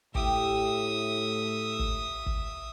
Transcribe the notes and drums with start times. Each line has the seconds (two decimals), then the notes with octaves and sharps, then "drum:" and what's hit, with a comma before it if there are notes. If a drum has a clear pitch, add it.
0.15 A2 G4 E5 D#6, drum: kick
1.79 drum: kick
2.26 drum: kick